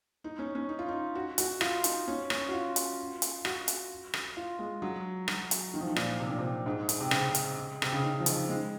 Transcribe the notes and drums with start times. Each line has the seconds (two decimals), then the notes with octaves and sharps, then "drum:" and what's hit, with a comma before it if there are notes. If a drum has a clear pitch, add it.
0.24 D#4
0.39 C#4
0.55 C#4
0.69 D#4
0.79 F4
0.88 D#4
1.15 F#4
1.38 F#4, drum: hi-hat
1.61 F4, drum: rim click
1.84 D#4, drum: hi-hat
2.08 C#4
2.30 C#4, drum: rim click
2.49 F#4
2.53 F4
2.76 drum: hi-hat
3.22 drum: hi-hat
3.45 F#4, drum: rim click
3.68 drum: hi-hat
4.14 drum: rim click
4.37 F4
4.59 G#3
4.82 F#3
5.28 F#3, drum: rim click
5.51 drum: hi-hat
5.74 D#3
5.81 F3
5.88 D#3
5.96 A#2, drum: rim click
6.20 C3
6.30 A#2
6.38 C3
6.66 G#2
6.89 drum: hi-hat
7.00 C3
7.11 C#3, drum: rim click
7.35 drum: hi-hat
7.82 C3, drum: rim click
7.92 C#3
8.03 D#3
8.20 F3
8.26 D#3, drum: hi-hat
8.49 G#3